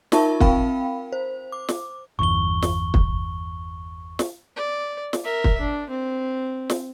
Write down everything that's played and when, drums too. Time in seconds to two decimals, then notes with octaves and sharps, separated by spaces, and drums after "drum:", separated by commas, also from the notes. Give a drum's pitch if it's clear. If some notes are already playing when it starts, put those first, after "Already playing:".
0.12 D#4 F4 A#4 E5 A5 C#6, drum: snare
0.40 C4 A#4 F5 G5 B5, drum: kick
1.12 C5
1.52 D6
1.69 drum: snare
2.19 G1 E2 C#6 G7
2.62 drum: snare
2.94 drum: kick
4.19 drum: snare
4.56 D5
5.13 drum: snare
5.25 A#4 E5
5.44 drum: kick
5.60 D4
5.90 C4
6.70 drum: snare